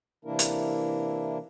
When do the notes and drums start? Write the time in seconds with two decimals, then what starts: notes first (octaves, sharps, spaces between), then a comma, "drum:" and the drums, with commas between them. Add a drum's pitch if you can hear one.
0.25 C3 E3 A#3 D4 E4 A#4
0.39 drum: hi-hat